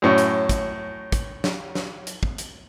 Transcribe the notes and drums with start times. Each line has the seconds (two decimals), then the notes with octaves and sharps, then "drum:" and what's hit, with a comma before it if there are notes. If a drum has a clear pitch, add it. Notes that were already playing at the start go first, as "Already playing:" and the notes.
0.02 F#2 A2 C#4
0.18 drum: hi-hat
0.49 drum: kick, hi-hat
1.12 drum: kick, hi-hat
1.44 drum: snare
1.75 drum: snare
2.07 drum: hi-hat
2.23 drum: kick
2.38 drum: hi-hat